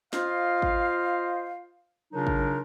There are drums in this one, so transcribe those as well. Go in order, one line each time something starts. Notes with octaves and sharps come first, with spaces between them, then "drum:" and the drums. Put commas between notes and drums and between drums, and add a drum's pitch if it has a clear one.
F4 C5 D#5 F5, drum: snare
drum: kick
C#3 F#3 D4 D#4 F4 A#4
drum: kick